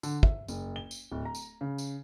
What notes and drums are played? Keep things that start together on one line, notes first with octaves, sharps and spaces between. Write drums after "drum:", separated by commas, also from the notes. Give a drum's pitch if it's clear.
D3, drum: tambourine
E5, drum: kick
F#1, drum: tambourine
G7
drum: tambourine
D1
A#5
drum: tambourine
C#3
drum: tambourine